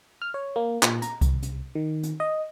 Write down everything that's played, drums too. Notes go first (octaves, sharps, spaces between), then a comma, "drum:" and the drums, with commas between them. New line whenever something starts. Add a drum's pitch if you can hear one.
F6
C#5
A#3
A#2, drum: clap
A#5, drum: hi-hat
C2, drum: kick C2, hi-hat
drum: hi-hat
D#3
drum: hi-hat
D#5